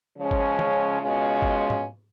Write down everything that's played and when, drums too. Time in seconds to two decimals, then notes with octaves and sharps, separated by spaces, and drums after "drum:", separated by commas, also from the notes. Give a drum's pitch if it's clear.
0.17 C#3 F3 G#3 C#4
0.31 drum: kick G1
0.59 drum: tom
1.01 B2 G#3 C#4 F4
1.42 drum: kick G1
1.70 drum: tom G#2